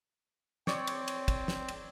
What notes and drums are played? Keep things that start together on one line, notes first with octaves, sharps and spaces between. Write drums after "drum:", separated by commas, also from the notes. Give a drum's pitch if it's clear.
C4 C#5 D5, drum: snare
drum: cymbal
drum: cymbal
drum: kick, cymbal
drum: snare
drum: cymbal